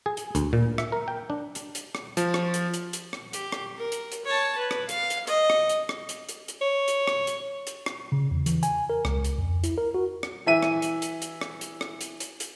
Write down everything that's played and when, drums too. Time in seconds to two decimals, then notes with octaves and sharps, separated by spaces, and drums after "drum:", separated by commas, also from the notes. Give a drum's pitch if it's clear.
0.06 G#4
0.17 drum: hi-hat
0.35 D2, drum: hi-hat
0.53 A#2
0.78 E5, drum: rim click
0.92 A#4
1.08 G5
1.30 D4
1.55 drum: hi-hat
1.75 drum: hi-hat
1.95 drum: rim click
2.17 F3, drum: hi-hat
2.34 drum: rim click
2.54 drum: hi-hat
2.74 drum: hi-hat
2.93 drum: hi-hat
3.13 drum: rim click
3.33 G4, drum: hi-hat
3.52 drum: rim click
3.76 A#4
3.92 drum: hi-hat
4.12 drum: hi-hat
4.25 C#5 A5
4.58 B4
4.71 drum: rim click
4.89 F5, drum: hi-hat
5.10 drum: hi-hat
5.27 D#5, drum: hi-hat
5.50 drum: rim click
5.69 drum: hi-hat
5.89 drum: rim click
6.09 drum: hi-hat
6.29 drum: hi-hat
6.48 drum: hi-hat
6.61 C#5
6.88 drum: hi-hat
7.07 drum: rim click
7.27 drum: hi-hat
7.67 drum: hi-hat
7.86 drum: rim click
8.12 C#3
8.31 E2
8.46 E3, drum: hi-hat
8.63 G#5, drum: hi-hat
8.90 A#4
9.05 C#2, drum: rim click
9.24 drum: hi-hat
9.38 F2
9.64 E4, drum: hi-hat
9.78 A#4
9.94 F#4
10.23 drum: rim click
10.46 E3 E5 D#7
10.63 drum: rim click
10.82 drum: hi-hat
11.02 drum: hi-hat
11.22 drum: hi-hat
11.41 drum: rim click
11.61 drum: hi-hat
11.81 drum: rim click
12.01 drum: hi-hat
12.20 drum: hi-hat
12.40 drum: hi-hat